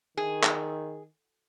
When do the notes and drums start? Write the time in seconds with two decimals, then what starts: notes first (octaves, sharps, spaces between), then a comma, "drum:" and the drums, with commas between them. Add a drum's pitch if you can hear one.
0.17 D#3 G#4
0.43 drum: clap